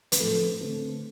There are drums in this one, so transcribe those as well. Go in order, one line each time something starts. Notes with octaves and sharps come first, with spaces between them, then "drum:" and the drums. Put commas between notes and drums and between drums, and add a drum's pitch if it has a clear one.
B4, drum: hi-hat
A2 F3 A3 C4 A4
D3 A3 C4